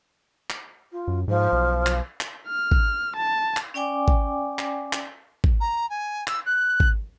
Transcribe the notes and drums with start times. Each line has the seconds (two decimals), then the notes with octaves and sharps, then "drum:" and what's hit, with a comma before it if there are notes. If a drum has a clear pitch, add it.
0.50 drum: clap
0.92 F4
1.08 F#2
1.28 G#2 F3
1.52 B1
1.86 drum: clap
2.20 drum: clap
2.47 F6
2.72 drum: kick
3.16 A5
3.57 drum: clap
3.74 C#4 D5 G5 G#5 D6
4.08 drum: kick
4.59 drum: clap
4.93 drum: clap
5.44 drum: kick
5.60 A#5
5.89 G#5
6.27 E6, drum: clap
6.46 F#6
6.80 drum: kick